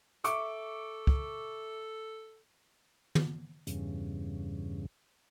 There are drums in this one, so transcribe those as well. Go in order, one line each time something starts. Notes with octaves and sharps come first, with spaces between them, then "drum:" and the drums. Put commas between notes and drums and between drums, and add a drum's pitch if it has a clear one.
A4 E5 C#6 D6, drum: hi-hat
drum: kick
drum: tom
E2 G2 C#3, drum: hi-hat